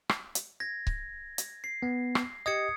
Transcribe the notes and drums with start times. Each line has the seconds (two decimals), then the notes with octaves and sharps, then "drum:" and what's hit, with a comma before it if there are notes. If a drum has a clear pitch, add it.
0.09 drum: rim click
0.35 drum: hi-hat
0.60 G#6 A#6
0.87 drum: kick C#1
1.38 drum: hi-hat
1.64 C7
1.83 B3
2.15 drum: rim click
2.46 G4 D#5 D#6 G#6 C#7